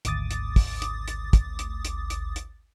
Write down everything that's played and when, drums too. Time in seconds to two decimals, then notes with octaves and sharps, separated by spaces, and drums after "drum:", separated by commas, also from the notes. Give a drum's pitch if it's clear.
0.05 G#1 D2 D6 D#6 A6, drum: hi-hat
0.31 drum: hi-hat
0.56 drum: kick, open hi-hat
0.82 drum: hi-hat
1.08 drum: hi-hat
1.33 drum: kick, hi-hat
1.59 drum: hi-hat
1.85 drum: hi-hat
2.10 drum: hi-hat
2.36 drum: hi-hat